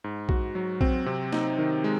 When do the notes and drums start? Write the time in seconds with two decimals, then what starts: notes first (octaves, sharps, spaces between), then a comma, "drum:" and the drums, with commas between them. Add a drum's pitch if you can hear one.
0.04 G#2
0.29 F#4, drum: kick A#1
0.55 F#3
0.81 C4, drum: kick A#1
1.06 C3
1.33 D#4, drum: snare A#3
1.58 D#3
1.84 G#3